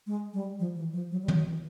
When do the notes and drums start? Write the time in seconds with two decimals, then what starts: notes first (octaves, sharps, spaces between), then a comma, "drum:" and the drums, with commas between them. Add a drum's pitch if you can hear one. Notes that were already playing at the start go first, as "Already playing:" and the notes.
0.07 G#3
0.33 G3
0.59 F3
0.76 E3
0.93 F3
1.11 F#3
1.22 G3
1.28 F#3, drum: tom
1.46 E3